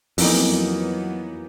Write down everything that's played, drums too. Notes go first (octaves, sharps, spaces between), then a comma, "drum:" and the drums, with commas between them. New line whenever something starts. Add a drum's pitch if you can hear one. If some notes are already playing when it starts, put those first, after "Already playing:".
F2 E3 F#3 A#3 B3 D#4, drum: open hi-hat